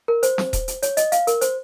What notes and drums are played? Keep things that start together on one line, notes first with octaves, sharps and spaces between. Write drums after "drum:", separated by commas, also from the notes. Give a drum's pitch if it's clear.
A#4
C5, drum: hi-hat
drum: snare
drum: kick D#1, hi-hat
drum: hi-hat
C#5, drum: hi-hat
D#5, drum: hi-hat
F5, drum: hi-hat
A#4, drum: hi-hat
C5, drum: hi-hat